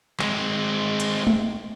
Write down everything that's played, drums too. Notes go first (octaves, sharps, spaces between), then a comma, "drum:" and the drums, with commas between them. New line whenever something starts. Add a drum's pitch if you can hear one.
G#3 C4, drum: clap
drum: hi-hat
drum: tom G#3